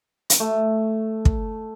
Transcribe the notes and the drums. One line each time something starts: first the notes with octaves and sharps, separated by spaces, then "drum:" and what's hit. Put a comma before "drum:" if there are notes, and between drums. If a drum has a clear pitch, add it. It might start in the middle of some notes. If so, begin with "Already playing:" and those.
drum: hi-hat
A3
drum: kick